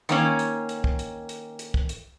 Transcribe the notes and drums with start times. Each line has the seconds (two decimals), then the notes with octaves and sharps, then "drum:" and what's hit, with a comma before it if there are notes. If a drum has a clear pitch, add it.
0.09 D#3 A#3 C#4, drum: hi-hat
0.39 drum: hi-hat
0.69 drum: hi-hat
0.84 drum: kick
0.99 drum: hi-hat
1.29 drum: hi-hat
1.59 drum: hi-hat
1.74 drum: kick
1.89 drum: hi-hat